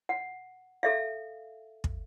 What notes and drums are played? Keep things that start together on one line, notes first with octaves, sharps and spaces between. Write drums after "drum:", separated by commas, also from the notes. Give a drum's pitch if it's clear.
F#5
A4 E5 F5
drum: kick